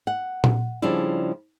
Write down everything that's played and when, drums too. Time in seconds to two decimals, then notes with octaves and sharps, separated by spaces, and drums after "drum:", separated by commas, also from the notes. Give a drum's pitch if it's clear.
0.07 F#5
0.44 drum: tom A#2
0.82 C#3 F3 G3 D4 E4